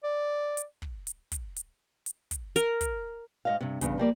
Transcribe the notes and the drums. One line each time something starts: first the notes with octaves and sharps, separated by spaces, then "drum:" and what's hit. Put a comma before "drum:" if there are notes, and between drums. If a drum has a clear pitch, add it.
D5
drum: hi-hat
drum: kick
drum: hi-hat
drum: kick, hi-hat
drum: hi-hat
drum: hi-hat
drum: kick, hi-hat
A#4, drum: hi-hat
drum: kick, hi-hat
G#2 D#5 F5
G2 C3
E2 G2 C#3, drum: kick, hi-hat
F3 G3 A#3 D5